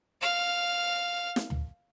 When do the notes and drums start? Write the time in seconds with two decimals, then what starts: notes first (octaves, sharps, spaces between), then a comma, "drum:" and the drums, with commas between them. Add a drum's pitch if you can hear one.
0.21 F5 F6
1.36 drum: snare
1.50 drum: tom